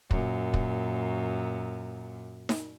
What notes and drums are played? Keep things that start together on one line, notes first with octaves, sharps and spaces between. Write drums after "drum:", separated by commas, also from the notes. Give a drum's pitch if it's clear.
F#2 A#2, drum: kick
drum: kick
drum: snare D#4